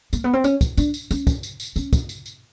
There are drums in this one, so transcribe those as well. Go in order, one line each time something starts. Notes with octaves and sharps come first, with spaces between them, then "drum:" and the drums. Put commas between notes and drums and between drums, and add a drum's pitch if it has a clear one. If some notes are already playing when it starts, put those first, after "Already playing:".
A#3, drum: tambourine
B3
C4
C#4, drum: tambourine
drum: kick, tambourine
D4, drum: tambourine
drum: tambourine
C#4, drum: tambourine
drum: kick, tambourine
drum: tambourine
drum: tambourine
C#4, drum: tambourine
drum: kick, tambourine
drum: tambourine
drum: tambourine